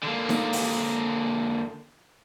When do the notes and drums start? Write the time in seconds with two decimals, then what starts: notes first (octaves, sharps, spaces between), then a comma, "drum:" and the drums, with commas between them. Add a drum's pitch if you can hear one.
0.03 D3 A#3
0.29 drum: snare D#4
0.53 drum: open hi-hat